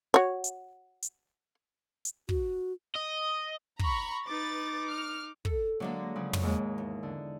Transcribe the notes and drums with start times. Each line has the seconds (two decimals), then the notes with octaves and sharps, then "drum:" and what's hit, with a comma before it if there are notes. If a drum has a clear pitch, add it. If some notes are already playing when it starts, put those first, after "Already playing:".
0.14 F#4 C#5
0.44 drum: hi-hat
1.02 drum: hi-hat
2.05 drum: hi-hat
2.29 F#4, drum: kick
2.95 D#5
3.79 A#5 B5 C#6, drum: kick
4.26 D#4 B4 D6 A6
4.91 F6
5.45 A4, drum: kick
5.80 D3 F#3 G#3 A#3 D4 F#4
6.16 C#3 F3 F#3
6.33 drum: tom
6.42 D#2 G#2 G#3
6.78 E2
7.03 D3